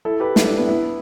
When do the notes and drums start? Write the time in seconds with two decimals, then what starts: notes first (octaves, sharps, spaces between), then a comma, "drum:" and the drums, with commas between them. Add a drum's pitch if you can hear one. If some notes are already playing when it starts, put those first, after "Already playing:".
0.05 E4 A4
0.20 G4 B4
0.36 E4 A4, drum: snare
0.46 D4
0.57 B3 E4
0.68 B3 E4